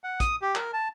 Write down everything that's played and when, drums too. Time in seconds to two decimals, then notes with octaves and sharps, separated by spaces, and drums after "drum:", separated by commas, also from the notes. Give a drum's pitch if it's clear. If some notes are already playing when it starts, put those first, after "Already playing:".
0.04 F#5
0.20 D#6, drum: kick, hi-hat
0.42 G4
0.55 A#4, drum: clap
0.73 A5